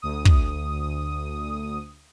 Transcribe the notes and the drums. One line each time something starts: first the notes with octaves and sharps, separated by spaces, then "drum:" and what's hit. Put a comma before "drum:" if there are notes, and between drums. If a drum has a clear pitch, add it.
D2 D#6
drum: kick